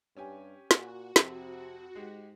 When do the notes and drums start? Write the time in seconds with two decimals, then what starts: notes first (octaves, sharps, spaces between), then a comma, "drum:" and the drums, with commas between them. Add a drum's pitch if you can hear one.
0.17 G2 C#4 G4 G#5
0.71 A#2 F#4, drum: snare
1.16 F2 C3 C4, drum: snare
1.95 G#2 G#3 G4